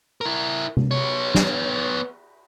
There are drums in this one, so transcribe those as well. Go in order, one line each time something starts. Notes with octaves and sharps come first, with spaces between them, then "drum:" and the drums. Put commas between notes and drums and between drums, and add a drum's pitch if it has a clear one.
E4 A#4
drum: tom C3
B3 C#5, drum: cymbal
drum: snare